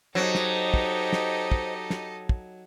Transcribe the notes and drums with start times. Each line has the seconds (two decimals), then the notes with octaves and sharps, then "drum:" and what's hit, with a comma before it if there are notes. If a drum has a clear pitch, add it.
0.15 F#3 D#4 G4 A4 C5 D#5
0.35 drum: snare
0.74 drum: kick
1.13 drum: snare
1.52 drum: kick
1.90 drum: snare
2.29 drum: kick